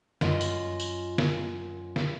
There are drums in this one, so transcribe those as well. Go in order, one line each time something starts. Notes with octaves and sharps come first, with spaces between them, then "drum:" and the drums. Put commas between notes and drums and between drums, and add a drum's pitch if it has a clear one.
F#2 F4 D#5, drum: snare
drum: tambourine
drum: tambourine
drum: snare
drum: snare